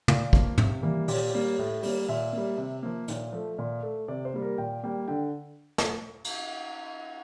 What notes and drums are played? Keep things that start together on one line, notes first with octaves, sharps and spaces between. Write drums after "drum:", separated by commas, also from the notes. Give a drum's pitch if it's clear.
A#2 F5, drum: tom
F3 A#3, drum: kick
C3, drum: tom
E3 G3 A#3
A#2 G4, drum: open hi-hat
G3 A#3
A2
G3 A#3, drum: open hi-hat
A#2 E5
G3 A#3
C3
F3 A#3
A#2, drum: hi-hat
F3 A3
A#2
A3
C3 D5
C5
G3 A#3
A#4
A#2 G5
G3 A#3 G5
D3 G5
drum: snare
drum: cymbal